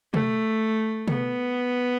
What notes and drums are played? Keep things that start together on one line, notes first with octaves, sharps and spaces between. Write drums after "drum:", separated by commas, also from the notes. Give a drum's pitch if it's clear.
A3, drum: tom
B3, drum: tom